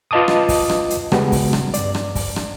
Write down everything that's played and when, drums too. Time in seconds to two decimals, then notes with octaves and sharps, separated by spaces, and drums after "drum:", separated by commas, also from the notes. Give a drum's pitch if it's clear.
0.11 F4 B4 D#5 A5 D6 D#6
0.28 drum: rim click
0.49 drum: kick, open hi-hat
0.70 drum: rim click
0.90 drum: hi-hat
1.12 C#3 G3 G#3 B3 F#4, drum: rim click
1.32 drum: kick, open hi-hat
1.53 drum: rim click
1.74 G2 D5, drum: hi-hat
1.95 drum: rim click
2.15 drum: kick, open hi-hat
2.36 drum: rim click